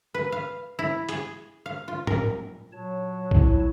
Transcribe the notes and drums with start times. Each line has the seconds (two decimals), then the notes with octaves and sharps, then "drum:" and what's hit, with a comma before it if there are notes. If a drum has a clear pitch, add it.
0.14 B4
0.32 F5
0.79 E4
1.09 G#4, drum: hi-hat
1.66 F5
1.88 F4
2.07 A#4, drum: tom A2
2.72 A#2 F#3 C#5 A5
3.31 E4, drum: kick